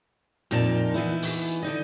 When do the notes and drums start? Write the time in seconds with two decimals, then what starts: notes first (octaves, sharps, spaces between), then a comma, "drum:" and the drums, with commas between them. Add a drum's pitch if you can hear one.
0.51 F2 A#2 D#4 A#4 A5, drum: hi-hat
0.94 E3 B3 D#4 E4
1.22 drum: open hi-hat
1.62 D3 D#4 D#5